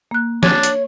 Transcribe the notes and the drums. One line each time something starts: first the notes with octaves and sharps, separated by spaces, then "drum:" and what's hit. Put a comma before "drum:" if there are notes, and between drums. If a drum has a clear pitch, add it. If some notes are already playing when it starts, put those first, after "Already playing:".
A#3 F#6
D4 C#5, drum: snare
drum: hi-hat